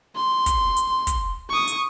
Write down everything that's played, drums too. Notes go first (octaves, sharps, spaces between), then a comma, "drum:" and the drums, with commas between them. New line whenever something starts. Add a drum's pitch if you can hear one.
C6
drum: kick, hi-hat
drum: hi-hat
drum: kick, hi-hat
C#6 D#6
drum: hi-hat